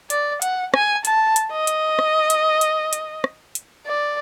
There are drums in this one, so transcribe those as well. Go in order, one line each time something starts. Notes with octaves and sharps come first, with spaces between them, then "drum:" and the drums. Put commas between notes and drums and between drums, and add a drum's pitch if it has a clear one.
D5, drum: hi-hat
F#5, drum: hi-hat
G#5, drum: rim click
A5, drum: hi-hat
drum: hi-hat
D#5
drum: hi-hat
drum: rim click
drum: hi-hat
drum: hi-hat
drum: hi-hat
drum: rim click
drum: hi-hat
D5